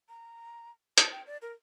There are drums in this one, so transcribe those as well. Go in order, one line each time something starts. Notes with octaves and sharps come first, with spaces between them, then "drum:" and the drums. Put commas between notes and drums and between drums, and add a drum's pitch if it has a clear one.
A#5
A5, drum: hi-hat
G5
D5
A#4